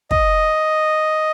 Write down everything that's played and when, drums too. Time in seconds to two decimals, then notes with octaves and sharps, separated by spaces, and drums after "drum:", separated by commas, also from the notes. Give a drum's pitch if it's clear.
0.11 D#5, drum: kick